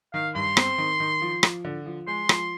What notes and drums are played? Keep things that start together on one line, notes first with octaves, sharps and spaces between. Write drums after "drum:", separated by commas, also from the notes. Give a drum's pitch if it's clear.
D#3 F5
G2 C6
C4, drum: rim click
D#3
D#3
F3
F3, drum: rim click
D3
F3
G#3 C6
F3, drum: rim click